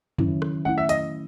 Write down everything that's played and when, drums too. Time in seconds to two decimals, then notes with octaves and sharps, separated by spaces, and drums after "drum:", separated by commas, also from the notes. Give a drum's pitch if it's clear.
0.19 D#3 F#3 C#4 E4, drum: tom
0.42 drum: rim click
0.65 A3 C#4 E4 F#5
0.78 E5
0.89 D#5, drum: hi-hat